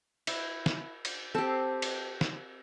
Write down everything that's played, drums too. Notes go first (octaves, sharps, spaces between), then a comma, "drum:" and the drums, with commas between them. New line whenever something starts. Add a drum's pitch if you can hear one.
E4, drum: cymbal
drum: snare
drum: cymbal
C4 G4 A4
drum: cymbal
drum: snare